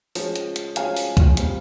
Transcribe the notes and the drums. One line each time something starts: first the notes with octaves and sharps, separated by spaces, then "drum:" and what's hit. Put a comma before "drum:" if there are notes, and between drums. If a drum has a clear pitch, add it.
F3 G#3 C#4, drum: open hi-hat
drum: hi-hat
drum: hi-hat
F3 G#3 C#4 F5 G#5, drum: hi-hat
drum: open hi-hat
drum: kick C#2, hi-hat
A#2 G3 C4, drum: hi-hat